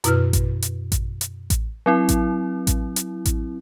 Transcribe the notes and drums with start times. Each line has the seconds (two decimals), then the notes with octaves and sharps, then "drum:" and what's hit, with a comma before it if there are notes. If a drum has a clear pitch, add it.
0.04 F#2 B2 E4 B4 F6, drum: hi-hat
0.33 drum: kick A1, hi-hat
0.62 drum: hi-hat
0.92 drum: kick A1, hi-hat
1.21 drum: hi-hat
1.50 drum: kick A1, hi-hat
1.86 F#3 C4 E4
2.09 drum: kick A1, hi-hat
2.67 drum: kick A1, hi-hat
2.96 drum: hi-hat
3.25 drum: kick A1, hi-hat